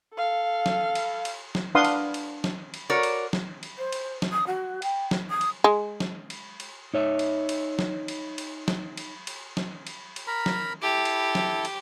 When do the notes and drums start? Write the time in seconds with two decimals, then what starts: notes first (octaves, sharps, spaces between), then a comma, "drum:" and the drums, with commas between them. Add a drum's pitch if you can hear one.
0.15 A4 F5
0.66 drum: snare
0.95 drum: cymbal
1.25 drum: cymbal
1.55 drum: snare
1.75 D4 B4 F5 F#5 C6 D#6
1.85 drum: cymbal
2.14 drum: cymbal
2.44 drum: snare
2.74 drum: cymbal
2.90 F#4 A#4 C#5 D5
3.03 drum: cymbal
3.33 drum: snare
3.63 drum: cymbal
3.78 C5
3.92 drum: cymbal
4.22 drum: snare
4.32 D#6
4.46 F#4
4.82 G5, drum: cymbal
5.11 drum: snare
5.30 D#6
5.41 drum: cymbal
5.64 G#3
6.00 drum: snare
6.30 drum: cymbal
6.60 drum: cymbal
6.94 D#4 C#5 E5
7.19 drum: cymbal
7.49 drum: cymbal
7.79 drum: snare
8.08 drum: cymbal
8.38 drum: cymbal
8.68 drum: snare
8.97 drum: cymbal
9.27 drum: cymbal
9.57 drum: snare
9.87 drum: cymbal
10.16 drum: cymbal
10.27 A#4 A#5 B5
10.46 drum: snare
10.83 E4 G4 A4
11.05 drum: cymbal
11.35 drum: snare
11.65 drum: cymbal